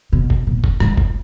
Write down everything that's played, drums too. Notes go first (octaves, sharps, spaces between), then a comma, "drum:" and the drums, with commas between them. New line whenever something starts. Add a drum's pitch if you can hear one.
B2
drum: kick F#1
A#2
drum: kick F#1
G#2, drum: rim click
drum: kick F#1